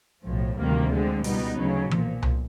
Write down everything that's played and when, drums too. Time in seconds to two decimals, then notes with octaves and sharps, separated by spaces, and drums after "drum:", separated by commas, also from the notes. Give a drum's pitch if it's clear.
0.25 B1 A2 F3
0.59 D2 C3 D#3 G3 A#3
0.91 D3 F3 G#3 C4
1.24 C#2 B2 G3 B3 D#4, drum: open hi-hat
1.58 D2 C#3 F#3
1.91 B1 A#2 F3, drum: tom E3
2.23 drum: tom C2